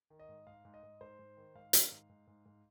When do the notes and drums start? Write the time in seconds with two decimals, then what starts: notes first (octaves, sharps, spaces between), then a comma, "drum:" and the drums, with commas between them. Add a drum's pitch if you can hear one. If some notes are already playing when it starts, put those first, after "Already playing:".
0.10 D#3
0.19 D#5
0.29 G#2
0.47 G#2 F5
0.65 G#2
0.74 D#5
0.83 G#2
1.01 G#2 C5
1.19 G#2
1.37 D#3
1.55 G#2 F5
1.73 D#3, drum: hi-hat
1.92 G#2
2.09 G#2
2.27 G#2
2.46 G#2